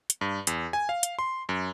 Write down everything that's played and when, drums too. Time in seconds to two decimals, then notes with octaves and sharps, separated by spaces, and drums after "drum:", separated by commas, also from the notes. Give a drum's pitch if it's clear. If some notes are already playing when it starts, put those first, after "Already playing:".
0.10 drum: hi-hat
0.21 G2
0.47 E2, drum: hi-hat
0.73 G#5
0.89 F5
1.03 drum: hi-hat
1.19 C6
1.49 F#2